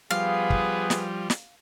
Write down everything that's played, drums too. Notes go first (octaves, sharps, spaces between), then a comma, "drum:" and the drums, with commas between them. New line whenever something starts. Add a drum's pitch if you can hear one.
F3 G3 B3 G#4 B4 F5
drum: kick
drum: snare
drum: snare